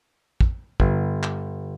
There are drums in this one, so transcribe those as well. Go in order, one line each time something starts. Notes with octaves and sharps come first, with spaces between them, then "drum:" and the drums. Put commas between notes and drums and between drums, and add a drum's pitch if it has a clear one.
drum: kick
G1, drum: kick
drum: clap